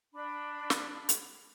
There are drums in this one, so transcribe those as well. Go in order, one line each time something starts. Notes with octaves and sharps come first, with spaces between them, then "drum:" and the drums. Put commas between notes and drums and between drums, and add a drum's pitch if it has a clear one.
D4 B5
drum: snare
drum: hi-hat